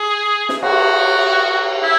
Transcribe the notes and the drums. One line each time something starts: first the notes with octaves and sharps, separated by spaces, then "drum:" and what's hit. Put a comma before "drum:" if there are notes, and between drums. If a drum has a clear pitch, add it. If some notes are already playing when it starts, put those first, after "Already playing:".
Already playing: G#4
drum: snare
F#4, drum: cymbal
E4